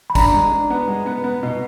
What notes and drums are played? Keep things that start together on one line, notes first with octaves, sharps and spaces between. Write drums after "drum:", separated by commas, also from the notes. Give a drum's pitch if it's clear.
B5
D4 A#5, drum: kick, tambourine
G#3
D4
B3
G#3
B3
B3
B2